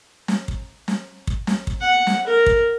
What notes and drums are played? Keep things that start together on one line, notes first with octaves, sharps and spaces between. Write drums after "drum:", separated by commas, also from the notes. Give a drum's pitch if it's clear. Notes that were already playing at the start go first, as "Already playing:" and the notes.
drum: snare
drum: kick
drum: snare
drum: kick
drum: snare
drum: kick
F#5
drum: snare
A#4
drum: kick